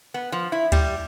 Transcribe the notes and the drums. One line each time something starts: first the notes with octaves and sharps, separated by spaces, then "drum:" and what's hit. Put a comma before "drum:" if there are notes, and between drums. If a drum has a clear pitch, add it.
B3
F3
E4
G3, drum: kick D2, cymbal